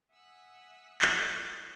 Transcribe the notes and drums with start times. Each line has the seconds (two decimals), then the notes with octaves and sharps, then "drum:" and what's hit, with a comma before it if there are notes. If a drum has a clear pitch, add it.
0.12 E5 F#5 G#5 D#6 E6 F#6
1.02 drum: clap